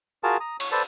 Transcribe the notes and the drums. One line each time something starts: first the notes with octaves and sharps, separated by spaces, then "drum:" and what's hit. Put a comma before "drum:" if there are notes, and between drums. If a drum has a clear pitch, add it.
F4 F#4 G#4 A#4 A5
A#5 D#6
C#5, drum: cymbal
A4 B4 C5 D5 A5